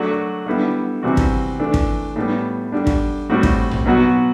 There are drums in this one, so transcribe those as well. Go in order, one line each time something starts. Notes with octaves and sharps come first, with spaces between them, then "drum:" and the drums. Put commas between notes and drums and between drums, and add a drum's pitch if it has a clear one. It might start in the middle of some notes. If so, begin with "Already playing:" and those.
Already playing: F#3 A3 D4 F#4
D3 G3 B3 E4
C3 E3 G3 C4 F#4
drum: kick
E3 A3 D4
drum: kick
A2 G3 B3
D3 G3 D4
drum: kick
A2 G3 C4 F#4
drum: kick
drum: tom A#1
B2 F#3 B3 F#4